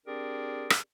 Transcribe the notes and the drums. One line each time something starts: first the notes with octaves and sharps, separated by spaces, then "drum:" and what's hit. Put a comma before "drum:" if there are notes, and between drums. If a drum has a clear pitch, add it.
C4 D4 G4 G#4 A#4 D5
drum: rim click